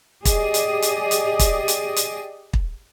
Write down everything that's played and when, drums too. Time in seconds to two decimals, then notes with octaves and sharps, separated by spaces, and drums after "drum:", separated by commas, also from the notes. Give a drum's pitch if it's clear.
0.25 G4 G#4 D5 D#5, drum: kick, hi-hat
0.54 drum: hi-hat
0.82 drum: hi-hat
1.11 drum: hi-hat
1.39 drum: kick, hi-hat
1.68 drum: hi-hat
1.96 drum: hi-hat
2.53 drum: kick